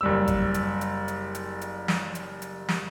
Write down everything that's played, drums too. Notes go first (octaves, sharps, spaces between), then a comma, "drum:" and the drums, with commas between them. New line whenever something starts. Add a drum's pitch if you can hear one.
F#1 G3 E6
drum: kick, hi-hat
drum: hi-hat
drum: hi-hat
drum: hi-hat
drum: hi-hat
drum: hi-hat
drum: snare
drum: hi-hat
drum: hi-hat
drum: snare